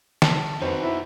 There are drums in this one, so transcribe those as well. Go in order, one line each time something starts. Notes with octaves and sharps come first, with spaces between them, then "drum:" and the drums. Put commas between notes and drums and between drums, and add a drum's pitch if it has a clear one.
A5, drum: snare
F2 D#4 F#4 B4 C5
E4